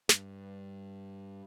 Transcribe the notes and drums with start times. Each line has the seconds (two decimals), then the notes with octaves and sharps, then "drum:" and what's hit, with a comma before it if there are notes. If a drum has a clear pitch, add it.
0.09 G2, drum: snare